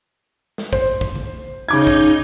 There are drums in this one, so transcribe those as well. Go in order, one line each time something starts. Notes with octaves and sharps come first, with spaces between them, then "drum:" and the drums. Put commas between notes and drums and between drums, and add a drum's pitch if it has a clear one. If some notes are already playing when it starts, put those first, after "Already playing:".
drum: snare
C5, drum: kick
drum: kick
drum: tom C#3
C#3 D#4 D6 G6 G#6
drum: kick